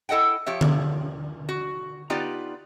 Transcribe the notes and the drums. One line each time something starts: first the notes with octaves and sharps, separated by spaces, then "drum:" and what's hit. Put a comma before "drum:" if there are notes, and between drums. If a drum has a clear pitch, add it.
E4 A4 D#5 F#5 G5
F3 G4 C#5 E5
drum: tom D3
F#4
B3 D#4 F4 G4 B4 D5